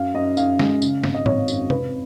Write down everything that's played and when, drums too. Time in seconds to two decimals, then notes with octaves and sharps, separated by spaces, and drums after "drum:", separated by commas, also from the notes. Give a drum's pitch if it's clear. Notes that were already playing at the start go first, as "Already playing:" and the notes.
Already playing: F#2 F5
0.14 F#2 D#5
0.37 F#2 F5, drum: tambourine
0.59 G#3, drum: snare
0.82 C#3, drum: tambourine
1.04 G#1, drum: snare
1.14 D#5
1.26 G#1 C#5, drum: tom A2
1.48 F#2, drum: tambourine
1.70 F2 B4, drum: tom C3